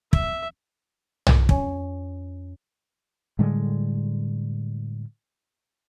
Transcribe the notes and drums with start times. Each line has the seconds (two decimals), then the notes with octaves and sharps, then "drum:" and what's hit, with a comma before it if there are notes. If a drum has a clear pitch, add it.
0.13 E5, drum: kick
1.27 drum: tom B1
1.49 F2 C#4 C#5 G#5, drum: kick
3.39 A2 D3 G3 G#3